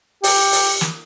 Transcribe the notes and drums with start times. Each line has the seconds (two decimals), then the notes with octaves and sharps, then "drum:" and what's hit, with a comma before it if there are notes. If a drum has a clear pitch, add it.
0.24 G4, drum: open hi-hat
0.52 drum: open hi-hat
0.81 drum: snare